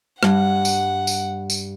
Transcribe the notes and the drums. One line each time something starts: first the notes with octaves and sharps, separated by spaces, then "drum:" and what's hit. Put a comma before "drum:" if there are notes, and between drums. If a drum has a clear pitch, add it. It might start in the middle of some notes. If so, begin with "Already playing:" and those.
G2 F#5, drum: rim click
drum: tambourine
drum: tambourine
drum: tambourine